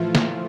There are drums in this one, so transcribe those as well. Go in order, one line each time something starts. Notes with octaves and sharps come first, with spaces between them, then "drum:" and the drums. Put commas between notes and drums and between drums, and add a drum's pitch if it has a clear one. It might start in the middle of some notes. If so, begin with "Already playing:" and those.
Already playing: A2 E3 F3 A3 F4
drum: snare